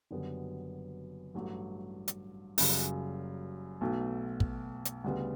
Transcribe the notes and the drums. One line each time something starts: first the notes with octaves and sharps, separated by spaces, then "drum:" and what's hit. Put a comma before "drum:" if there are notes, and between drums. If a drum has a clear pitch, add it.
F#1 F#2 D3 G3 B3
A1 G2 F#3 A3
drum: hi-hat
F#1 F#2 C#3 G3, drum: open hi-hat
B1 B2 A3
drum: kick
drum: hi-hat
D2 C#3 G3 B3